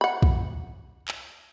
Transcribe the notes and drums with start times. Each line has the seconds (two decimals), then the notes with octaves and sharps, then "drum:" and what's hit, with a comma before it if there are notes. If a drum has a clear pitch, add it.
0.01 F#5 B5
0.22 drum: kick
1.08 drum: clap